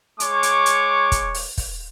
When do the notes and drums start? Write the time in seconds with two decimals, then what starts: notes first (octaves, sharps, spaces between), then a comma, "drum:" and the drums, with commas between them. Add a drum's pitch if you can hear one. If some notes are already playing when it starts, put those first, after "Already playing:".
0.20 G#3 C#5 C#6 D6, drum: hi-hat
0.43 drum: hi-hat
0.66 drum: hi-hat
1.12 drum: kick, hi-hat
1.35 drum: open hi-hat
1.58 drum: kick, open hi-hat